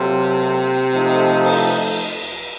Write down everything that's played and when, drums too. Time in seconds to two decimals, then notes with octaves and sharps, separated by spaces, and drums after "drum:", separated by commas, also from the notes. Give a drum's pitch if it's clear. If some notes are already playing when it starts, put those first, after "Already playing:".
Already playing: C3 F#3 A#3 F4 A4
0.93 F3 A3 D#4 A4
1.45 drum: cymbal